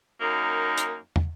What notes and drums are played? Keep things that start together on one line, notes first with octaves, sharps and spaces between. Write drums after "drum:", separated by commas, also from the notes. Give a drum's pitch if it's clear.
F#2 A#3 D#4
drum: hi-hat
drum: tom